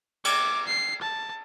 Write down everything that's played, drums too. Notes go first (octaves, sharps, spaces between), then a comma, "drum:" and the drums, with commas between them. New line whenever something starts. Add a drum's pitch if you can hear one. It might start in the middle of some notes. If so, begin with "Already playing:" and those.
D6, drum: cymbal
C7
A5